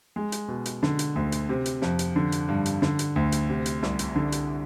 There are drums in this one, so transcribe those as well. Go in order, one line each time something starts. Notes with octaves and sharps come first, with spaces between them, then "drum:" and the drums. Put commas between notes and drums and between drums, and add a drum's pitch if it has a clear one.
G#3
drum: hi-hat
B2
drum: hi-hat
D3, drum: snare
drum: hi-hat
D2
drum: hi-hat
C3
drum: hi-hat
F2, drum: snare
drum: hi-hat
D3
drum: hi-hat
G2
drum: hi-hat
D3, drum: snare
drum: hi-hat
D2
drum: hi-hat
C3
drum: hi-hat
C2, drum: snare
drum: hi-hat
D3
drum: hi-hat